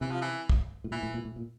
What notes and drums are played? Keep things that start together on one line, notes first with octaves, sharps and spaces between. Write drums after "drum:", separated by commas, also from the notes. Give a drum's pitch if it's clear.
C3 E3
F3
E3
drum: kick
A2
A#2 E3
A2
A#2
A2
A#2